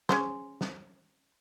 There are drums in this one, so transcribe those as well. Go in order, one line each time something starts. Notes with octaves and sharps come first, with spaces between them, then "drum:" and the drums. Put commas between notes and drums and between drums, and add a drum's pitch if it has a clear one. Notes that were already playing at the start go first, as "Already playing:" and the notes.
C#4 G#4 C5, drum: snare
drum: snare